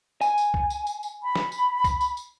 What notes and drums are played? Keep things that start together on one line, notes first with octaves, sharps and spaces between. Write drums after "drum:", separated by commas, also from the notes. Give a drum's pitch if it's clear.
G#5, drum: tambourine
drum: tambourine
drum: kick C2
drum: tambourine
drum: tambourine
drum: tambourine
B5
drum: snare
drum: tambourine
drum: kick C2, tambourine
drum: tambourine
drum: tambourine